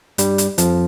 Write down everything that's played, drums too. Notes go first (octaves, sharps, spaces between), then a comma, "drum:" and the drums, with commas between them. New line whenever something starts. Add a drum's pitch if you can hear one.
G2 G3, drum: hi-hat
drum: hi-hat
F2 F3, drum: hi-hat